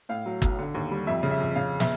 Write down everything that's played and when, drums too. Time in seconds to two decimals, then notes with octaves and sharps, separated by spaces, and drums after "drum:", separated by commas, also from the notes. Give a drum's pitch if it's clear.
0.09 A2 F5
0.26 F#3
0.42 B1, drum: kick
0.59 D3
0.75 D#2
0.91 G3
1.07 F2 E5
1.23 C#3
1.31 E5
1.40 F2
1.55 C#3 F5
1.80 E5, drum: snare